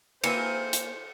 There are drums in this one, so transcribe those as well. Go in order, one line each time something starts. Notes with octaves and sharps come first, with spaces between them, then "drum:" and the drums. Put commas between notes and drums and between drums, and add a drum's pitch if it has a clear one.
E3 A#3 C4 C5 G#5 C#7, drum: cymbal
drum: hi-hat